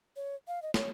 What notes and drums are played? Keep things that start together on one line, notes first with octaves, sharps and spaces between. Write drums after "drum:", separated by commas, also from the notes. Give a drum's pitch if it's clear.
C#5
F5
D#5
C#5, drum: snare